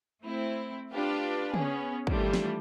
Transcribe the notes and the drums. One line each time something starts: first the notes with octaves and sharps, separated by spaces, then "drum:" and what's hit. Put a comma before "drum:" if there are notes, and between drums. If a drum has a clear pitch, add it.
A3 C4 E4
D4 F4 G4 B4
B3 C#4 G#4, drum: tom
D#3 E3 G3 A3 D4 F4, drum: kick
drum: snare